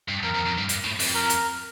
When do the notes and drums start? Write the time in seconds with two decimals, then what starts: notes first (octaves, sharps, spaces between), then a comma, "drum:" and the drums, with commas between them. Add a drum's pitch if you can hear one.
0.08 G2
0.23 F2 A#4
0.34 F2
0.46 F2
0.58 G2
0.69 G2, drum: hi-hat
0.84 A2
0.99 F2, drum: open hi-hat
1.15 A#4
1.30 drum: hi-hat